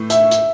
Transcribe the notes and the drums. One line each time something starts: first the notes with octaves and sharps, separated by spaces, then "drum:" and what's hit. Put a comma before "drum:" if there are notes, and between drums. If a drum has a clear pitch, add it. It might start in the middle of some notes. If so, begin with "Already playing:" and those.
Already playing: A2 E3 A3
E5, drum: hi-hat
drum: hi-hat